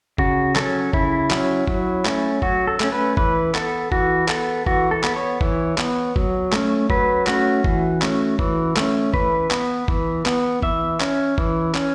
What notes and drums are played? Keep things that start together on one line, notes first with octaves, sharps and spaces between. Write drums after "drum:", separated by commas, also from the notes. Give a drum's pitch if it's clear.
C#3 F#4, drum: kick G1
F#3 C#4 A4, drum: clap
C#3 E4, drum: kick G1
F#3 C#4, drum: clap
F#3, drum: kick G1
A3 C#4, drum: clap
F#3 F#4, drum: kick G1
A4
A3 C#4, drum: clap
B4
E3 B4, drum: kick G1
B3 A4, drum: clap
E3 F#4, drum: kick G1
B3 A4, drum: clap
E3 F#4, drum: kick G1
A4
B3, drum: clap
C#5
E3, drum: kick G1
B3, drum: clap
F#3, drum: kick G1
A3 C#4, drum: clap
F#3 B4, drum: kick G1
A3 C#4 F#4, drum: clap
E3, drum: kick G1
A3 C#4, drum: clap
E3, drum: kick G1
A3 C#4, drum: clap
E3 B4, drum: kick G1
B3, drum: clap
E3, drum: kick G1
B3, drum: clap
E3 E5, drum: kick G1
C#4, drum: clap
E3, drum: kick G1
C#4, drum: clap